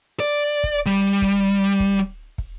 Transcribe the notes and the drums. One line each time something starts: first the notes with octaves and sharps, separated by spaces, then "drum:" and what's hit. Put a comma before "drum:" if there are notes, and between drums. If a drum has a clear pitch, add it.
D5
drum: kick
G3
drum: kick
drum: kick
drum: kick